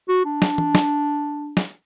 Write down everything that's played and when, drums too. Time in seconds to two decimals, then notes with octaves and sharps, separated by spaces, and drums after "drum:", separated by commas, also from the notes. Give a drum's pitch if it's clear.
0.09 F#4
0.25 D4
0.42 drum: snare
0.58 drum: tom
0.75 drum: snare
1.57 drum: snare